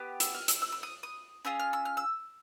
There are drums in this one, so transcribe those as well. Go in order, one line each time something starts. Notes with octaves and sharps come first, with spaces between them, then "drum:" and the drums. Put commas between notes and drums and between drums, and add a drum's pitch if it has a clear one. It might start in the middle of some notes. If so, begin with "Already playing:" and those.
Already playing: B3 G4
E6, drum: hi-hat
F6
E6, drum: hi-hat
E6
E6
D#6
D#6
C#4 F4 G#4 E6
F6
E6
F6
E6